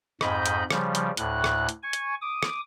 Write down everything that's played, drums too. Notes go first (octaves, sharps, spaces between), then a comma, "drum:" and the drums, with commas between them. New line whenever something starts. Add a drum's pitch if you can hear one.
F2 G#2 D#5 B5 G6, drum: rim click
drum: hi-hat
C#3 F3 G3, drum: rim click
drum: hi-hat
D2 A2 F#6, drum: hi-hat
drum: rim click
drum: hi-hat
G#5 C#6
drum: hi-hat
D6 D#6
drum: rim click